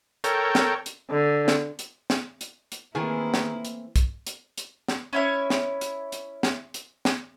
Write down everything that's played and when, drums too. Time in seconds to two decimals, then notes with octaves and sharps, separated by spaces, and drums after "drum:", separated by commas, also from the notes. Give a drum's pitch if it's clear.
0.24 A4 A#4 C#5 G5, drum: hi-hat
0.55 drum: snare
0.86 drum: hi-hat
1.11 D3
1.48 drum: snare
1.79 drum: hi-hat
2.10 drum: snare
2.41 drum: hi-hat
2.72 drum: hi-hat
2.95 D#3 E3 A3 A#3 C4 E4 G#4
3.34 drum: snare
3.65 drum: hi-hat
3.96 drum: kick, hi-hat
4.27 drum: hi-hat
4.58 drum: hi-hat
4.88 drum: snare
5.13 C#4 E4 C#5
5.50 drum: snare
5.81 drum: hi-hat
6.12 drum: hi-hat
6.43 drum: snare
6.74 drum: hi-hat
7.05 drum: snare